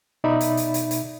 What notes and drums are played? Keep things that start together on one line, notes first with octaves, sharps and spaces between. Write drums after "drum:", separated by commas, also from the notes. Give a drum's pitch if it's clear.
B2 D#4 D5 E5 B5
drum: hi-hat
drum: hi-hat
drum: hi-hat
drum: hi-hat